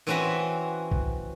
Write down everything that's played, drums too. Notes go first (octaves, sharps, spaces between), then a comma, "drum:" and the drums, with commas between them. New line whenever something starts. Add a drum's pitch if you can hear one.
E3 C4 C#4 E4 F#4 B5
drum: kick